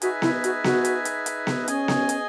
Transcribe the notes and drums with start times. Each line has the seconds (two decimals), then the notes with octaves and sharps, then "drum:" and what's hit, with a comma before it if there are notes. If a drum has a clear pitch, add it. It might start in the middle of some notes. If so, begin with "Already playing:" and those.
0.02 D#4 F#4 G#4 B4 E5 G#5, drum: hi-hat
0.22 E4, drum: snare B3
0.44 F#4, drum: hi-hat
0.64 F#4, drum: snare B3
0.85 drum: hi-hat
1.05 drum: hi-hat
1.26 drum: hi-hat
1.47 drum: snare B3
1.68 C#4 G#4 D#5 G#5, drum: hi-hat
1.88 drum: snare B3
2.09 drum: hi-hat